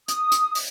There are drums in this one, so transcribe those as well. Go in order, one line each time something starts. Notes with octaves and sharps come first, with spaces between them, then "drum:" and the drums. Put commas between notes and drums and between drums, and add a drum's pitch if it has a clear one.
D#6, drum: hi-hat
drum: hi-hat
drum: open hi-hat